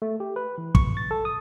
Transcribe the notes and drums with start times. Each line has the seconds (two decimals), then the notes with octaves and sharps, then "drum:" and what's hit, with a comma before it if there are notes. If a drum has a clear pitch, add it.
0.02 A3
0.20 G4
0.36 B4
0.58 E3
0.75 C#6, drum: kick
0.97 A6
1.11 A4
1.25 D#6